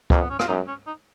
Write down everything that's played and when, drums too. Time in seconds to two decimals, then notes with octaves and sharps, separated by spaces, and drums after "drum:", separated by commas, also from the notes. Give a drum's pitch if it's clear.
0.10 F2 A#3, drum: kick C#2
0.20 B3
0.30 C#4
0.39 F4, drum: rim click
0.48 F#2 D#4
0.68 C#4
0.87 D#4